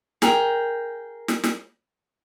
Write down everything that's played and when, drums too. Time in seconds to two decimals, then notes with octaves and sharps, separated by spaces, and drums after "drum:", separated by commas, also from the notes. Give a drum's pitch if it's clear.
0.22 G#4 A#4 G5, drum: snare
1.28 drum: snare
1.44 drum: snare